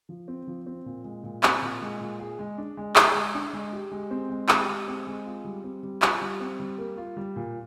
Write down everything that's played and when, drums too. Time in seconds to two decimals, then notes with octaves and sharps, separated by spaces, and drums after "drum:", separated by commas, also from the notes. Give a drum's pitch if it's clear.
0.09 F3
0.28 C4
0.47 F3
0.66 C4
0.86 A#2
1.04 G#3
1.23 A#2
1.43 C4, drum: clap
1.62 A#2
1.82 G#3
2.00 A#2
2.20 G#4
2.39 G#3
2.58 D4
2.77 G#3
2.96 G#4, drum: clap
3.15 G#3
3.34 D4
3.53 G#3
3.73 G4
3.91 G#3
4.11 C4
4.30 G#3
4.49 G4, drum: clap
4.68 G#3
4.88 C4
5.07 G#3
5.26 F4
5.45 G3
5.64 C4
5.83 G3
6.02 F4, drum: clap
6.21 G3
6.40 C4
6.60 G3
6.78 A#3
6.98 F4
7.17 G3
7.36 A#2